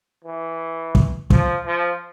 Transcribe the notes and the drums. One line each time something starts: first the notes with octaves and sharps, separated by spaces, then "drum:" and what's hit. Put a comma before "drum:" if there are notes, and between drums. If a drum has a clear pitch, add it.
E3
drum: kick
F3, drum: kick
F3